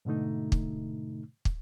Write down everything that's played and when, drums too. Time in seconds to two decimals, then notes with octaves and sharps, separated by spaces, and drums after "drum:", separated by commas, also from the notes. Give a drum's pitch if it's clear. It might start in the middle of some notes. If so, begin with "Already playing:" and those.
0.05 G#2 B2 D3 A3 D#4
0.52 drum: kick
1.45 drum: kick